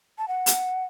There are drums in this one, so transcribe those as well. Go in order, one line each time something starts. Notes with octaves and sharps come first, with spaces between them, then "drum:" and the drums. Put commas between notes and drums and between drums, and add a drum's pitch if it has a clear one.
A5
F#5
drum: hi-hat